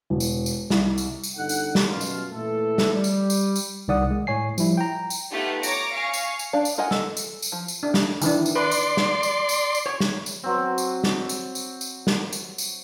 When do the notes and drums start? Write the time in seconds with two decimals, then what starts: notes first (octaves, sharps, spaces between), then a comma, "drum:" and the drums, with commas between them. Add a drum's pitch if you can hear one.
0.10 E1
0.20 drum: tambourine
0.46 drum: tambourine
0.70 C2, drum: snare
0.98 drum: tambourine
1.23 drum: tambourine
1.36 G1 D#4 A4 F#5
1.49 drum: tambourine
1.75 drum: snare
1.88 F#2 B2 F4
2.01 drum: tambourine
2.31 A#2 E3 A3 A4
2.78 drum: snare
2.94 G3
3.04 drum: tambourine
3.30 drum: tambourine
3.56 drum: tambourine
3.88 C2 D#3 D5 F#5 D#6
4.11 G#3
4.27 A2 C#5 G#5 C7
4.58 F3 G3 E4, drum: tambourine
4.77 G5 A#5
5.10 drum: tambourine
5.32 A3 B3 D#4 F4 G4 F#5
5.63 C#5 A#5 D6 A#6 D7, drum: tambourine
5.93 F5 G#5 C#6
6.14 drum: tambourine
6.39 drum: tambourine
6.53 D4 F5
6.65 drum: tambourine
6.78 F4 A#4 D#5 F#5 G#5
6.91 A4, drum: snare
7.17 drum: tambourine
7.42 drum: tambourine
7.52 F3
7.68 drum: tambourine
7.83 D4
7.94 drum: snare
8.22 D#3 E3 D4, drum: tambourine
8.46 drum: tambourine
8.55 B4 D5 C6
8.71 drum: tambourine
8.97 drum: snare
9.23 drum: tambourine
9.49 drum: tambourine
9.75 drum: tambourine
9.86 C#5
10.00 drum: snare
10.26 drum: tambourine
10.44 F#3 C4
10.78 drum: tambourine
11.04 drum: snare
11.29 drum: tambourine
11.55 drum: tambourine
11.81 drum: tambourine
12.07 drum: snare
12.33 drum: tambourine
12.58 drum: tambourine